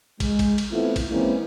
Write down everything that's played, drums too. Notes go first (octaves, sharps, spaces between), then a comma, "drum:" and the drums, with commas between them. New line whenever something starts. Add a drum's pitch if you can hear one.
G#3, drum: kick, cymbal
drum: kick, cymbal
drum: cymbal
E3 A3 B3 C4 E4 F4
drum: kick, cymbal
E3 G#3 A#3 C4 C#4 E4